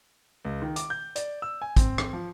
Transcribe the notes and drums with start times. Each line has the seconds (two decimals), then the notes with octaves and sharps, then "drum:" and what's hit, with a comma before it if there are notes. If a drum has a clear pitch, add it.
0.45 C#2
0.62 D#3
0.76 D6, drum: hi-hat
0.90 G6
1.16 D5, drum: hi-hat
1.42 E6
1.62 G#5
1.77 C4, drum: kick, hi-hat
1.98 drum: rim click
2.13 F3